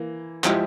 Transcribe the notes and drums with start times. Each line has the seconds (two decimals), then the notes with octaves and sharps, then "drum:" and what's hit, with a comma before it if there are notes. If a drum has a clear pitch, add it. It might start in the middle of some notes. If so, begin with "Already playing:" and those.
Already playing: E3 A#3
0.44 F3 G#3 E4 G4, drum: clap